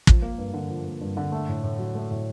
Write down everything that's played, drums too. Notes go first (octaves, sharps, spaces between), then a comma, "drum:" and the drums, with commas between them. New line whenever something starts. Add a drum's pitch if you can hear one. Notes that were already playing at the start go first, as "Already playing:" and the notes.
F3, drum: kick
A#3
G2
D3
F3
A#3
G2
D3
A3
A2
A2
F#3
A3
A2